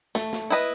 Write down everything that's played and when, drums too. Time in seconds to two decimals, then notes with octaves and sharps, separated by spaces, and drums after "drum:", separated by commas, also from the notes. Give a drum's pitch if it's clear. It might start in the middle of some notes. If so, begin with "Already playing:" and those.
0.15 A3, drum: snare
0.33 drum: snare
0.50 E4 B4 D#5